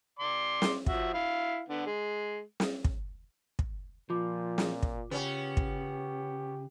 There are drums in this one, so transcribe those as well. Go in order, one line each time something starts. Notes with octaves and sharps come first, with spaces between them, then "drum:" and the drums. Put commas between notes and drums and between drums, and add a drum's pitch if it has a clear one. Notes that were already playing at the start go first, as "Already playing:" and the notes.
D5 C6 D6
drum: snare
F3 F#4 E5, drum: kick
E4 F5
D3 B3
G#3
drum: snare
drum: kick
drum: kick
A#2 F3 F4 D6
drum: snare
drum: kick
C#3 B3 C#4 G4
drum: kick